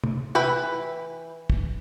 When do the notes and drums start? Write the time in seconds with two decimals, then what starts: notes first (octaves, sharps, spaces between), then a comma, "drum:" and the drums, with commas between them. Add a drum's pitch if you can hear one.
0.04 drum: tom
0.35 E3 B4 E5 G5 B5
1.50 drum: kick